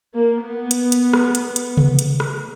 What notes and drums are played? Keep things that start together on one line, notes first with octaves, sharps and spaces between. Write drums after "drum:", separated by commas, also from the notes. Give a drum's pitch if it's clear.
A#3
B3
drum: hi-hat
drum: hi-hat
drum: rim click
drum: hi-hat
drum: hi-hat
drum: tom C3
drum: hi-hat
drum: rim click